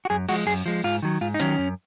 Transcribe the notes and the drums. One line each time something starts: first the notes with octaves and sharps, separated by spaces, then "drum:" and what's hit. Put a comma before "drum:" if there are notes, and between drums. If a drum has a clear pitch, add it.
F#4
F#2 G#4
F3 G#3 F#4, drum: open hi-hat
F#2 G#4
F3 G#3
G#2 F4
D#3 F#3
G#2 F4
D#4
D#3 F#3 C#4, drum: hi-hat
F#2